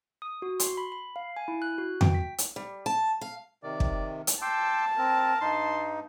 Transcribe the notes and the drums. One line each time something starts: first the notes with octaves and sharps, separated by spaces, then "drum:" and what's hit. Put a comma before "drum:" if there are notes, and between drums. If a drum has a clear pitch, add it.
D#6
F#4
C6, drum: hi-hat
B5
B5
F5
G#5
E4
F#6
F#4
G5, drum: tom F2
B6
drum: hi-hat
G3
A5
F5
C3 D#3 D5
drum: kick
drum: hi-hat
G5 A5 C6 D6 E6
C4 A#4
G2 D#4 C6